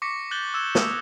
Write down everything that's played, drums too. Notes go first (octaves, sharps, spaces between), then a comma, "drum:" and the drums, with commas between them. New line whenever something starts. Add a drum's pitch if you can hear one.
C#6 D6 A#6 B6 C#7
F#6 G6 A6 F#7 G7
E6 G#6 E7
D#6 E7 G7, drum: snare